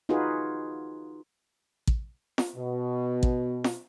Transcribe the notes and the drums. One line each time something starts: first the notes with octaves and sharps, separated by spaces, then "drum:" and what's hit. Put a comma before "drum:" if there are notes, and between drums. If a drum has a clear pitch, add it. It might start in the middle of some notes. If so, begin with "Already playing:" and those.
D#4 F4 F#4 G#4 B4
drum: kick
drum: snare
B2
drum: kick
drum: snare